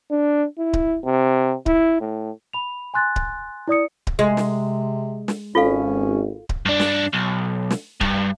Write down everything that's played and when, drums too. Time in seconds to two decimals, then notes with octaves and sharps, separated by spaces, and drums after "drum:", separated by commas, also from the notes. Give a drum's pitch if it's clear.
0.11 D4
0.58 E4
0.73 drum: kick D1
1.05 C3
1.66 E4, drum: kick D1
2.01 A2
2.53 B5 F7
2.94 G#5 C6 F#6 A6
3.16 drum: kick D1
3.68 E4 D5 D#6 C#7
4.07 drum: kick D1
4.19 C3 G#3
4.37 drum: snare
5.28 drum: snare
5.55 G#1 C#4 F4 A4 F5
6.49 drum: kick D1
6.66 G2 D4
6.80 drum: snare
7.13 B1
7.71 drum: snare
8.01 G2, drum: kick D1